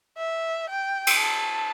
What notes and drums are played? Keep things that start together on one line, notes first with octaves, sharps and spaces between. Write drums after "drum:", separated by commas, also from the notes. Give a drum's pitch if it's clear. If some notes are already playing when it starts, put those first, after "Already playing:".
E5
G5
drum: cymbal
A5